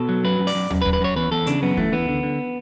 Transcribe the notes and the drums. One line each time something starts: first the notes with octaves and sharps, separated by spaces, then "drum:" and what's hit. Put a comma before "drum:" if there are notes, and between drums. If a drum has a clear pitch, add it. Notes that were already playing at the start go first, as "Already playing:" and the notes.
Already playing: B2 A4
F#3
F#2 B4
F#2
D5, drum: open hi-hat
F#2
F#2, drum: tom D#2
B4
F#2, drum: kick D2
B4
F#2 C#5
E2 B4
E2 A4
C#3 D4, drum: hi-hat
F#2 B3
E3 A3, drum: kick D2
E3 B3
D3
D3